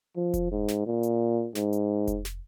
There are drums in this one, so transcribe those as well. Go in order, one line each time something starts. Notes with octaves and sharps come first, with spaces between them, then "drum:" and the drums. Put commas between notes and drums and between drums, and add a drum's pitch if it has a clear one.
F3
drum: kick F1, hi-hat
G#2
drum: snare
A#2
drum: hi-hat
G#2, drum: snare
drum: hi-hat
drum: kick F1, hi-hat
drum: snare